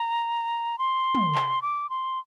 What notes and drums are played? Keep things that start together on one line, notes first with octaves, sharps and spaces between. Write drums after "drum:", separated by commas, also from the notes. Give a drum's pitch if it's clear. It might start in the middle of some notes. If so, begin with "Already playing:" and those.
Already playing: A#5
C6
drum: tom
drum: clap
D6
C6